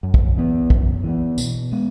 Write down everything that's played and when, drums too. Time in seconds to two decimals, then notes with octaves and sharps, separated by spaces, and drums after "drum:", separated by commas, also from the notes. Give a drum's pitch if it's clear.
0.03 F#2
0.14 drum: kick
0.37 E3 B3
0.70 F#2, drum: kick
1.04 E3 B3
1.38 B2, drum: tambourine
1.72 G#3 B3